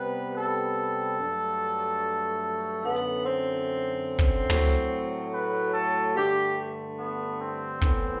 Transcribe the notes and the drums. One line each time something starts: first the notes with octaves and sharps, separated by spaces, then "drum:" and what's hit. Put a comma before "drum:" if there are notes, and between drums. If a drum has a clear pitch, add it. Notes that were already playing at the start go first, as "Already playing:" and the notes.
Already playing: C3 G3 B3 B4
A4
G2 F#3 A3
F#2 D3 A3 B3
drum: hi-hat
C4
drum: kick
A2 F#3 A3, drum: tom
B4
A4
G2 D3 A3 G4
B3
C4
A2 E3 B3, drum: kick